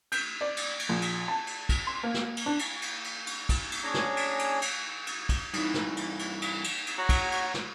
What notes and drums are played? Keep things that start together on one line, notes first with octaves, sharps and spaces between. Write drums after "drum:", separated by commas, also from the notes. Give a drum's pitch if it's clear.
G6, drum: cymbal
D5
drum: cymbal
drum: cymbal
A#1
drum: cymbal
A5
drum: cymbal
drum: kick, cymbal
C6
A#3
drum: snare
drum: cymbal
D4
drum: cymbal
drum: cymbal
drum: cymbal
drum: cymbal
drum: kick, cymbal
drum: cymbal
C#4 D4 G#4 C#5 A#5
drum: snare
drum: cymbal
drum: cymbal
drum: cymbal
drum: cymbal
drum: kick, cymbal
G2 E3 D#4, drum: cymbal
drum: snare
drum: cymbal
drum: cymbal
drum: cymbal
drum: cymbal
drum: cymbal
F#4 C#5 F#5 A#5
drum: kick, cymbal
drum: cymbal
drum: snare